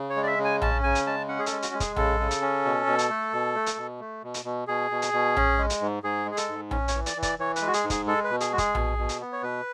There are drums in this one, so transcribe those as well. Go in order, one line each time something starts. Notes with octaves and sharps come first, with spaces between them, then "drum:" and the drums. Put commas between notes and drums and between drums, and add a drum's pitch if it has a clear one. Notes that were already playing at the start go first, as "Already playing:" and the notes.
Already playing: C#3
C#5
G#3
D5
E5
C#3
G#5
C#4 A5, drum: tom A#1
C#3 G#5
drum: hi-hat
G#3 A5
C#4 F#5
G#4
A4, drum: hi-hat
G#3
F#4, drum: hi-hat
G#3
G#4, drum: kick, hi-hat
C#3 A4, drum: tom A#1
C#3
drum: hi-hat
C#4
B2
B2
drum: hi-hat
A3
B2
A3
drum: hi-hat
B2
A3
B2
drum: hi-hat
B2
B2 G#4
B2
drum: hi-hat
B2
C#4, drum: tom A#1
G#3
drum: hi-hat
G#2
G#2 G#4
G#3
G#4
A4, drum: hi-hat
G#2
C#4, drum: tom A#1
C#5, drum: hi-hat
E3
D5, drum: hi-hat
E3
D5, drum: kick, hi-hat
E3 C#5
B4, drum: hi-hat
G#3
F#4
G#4, drum: hi-hat
G#2
G#4, drum: kick, hi-hat
G#3 A4
B4
B2
G#4, drum: hi-hat
G#3 F#4
G#4, drum: kick, hi-hat
B2, drum: tom A#1
B2
drum: hi-hat
B3
C#5
B2 B4